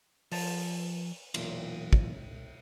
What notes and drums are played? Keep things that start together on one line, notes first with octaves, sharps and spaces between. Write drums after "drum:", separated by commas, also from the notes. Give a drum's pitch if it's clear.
F3 A5, drum: open hi-hat
B1 E2 A#2, drum: cymbal
drum: kick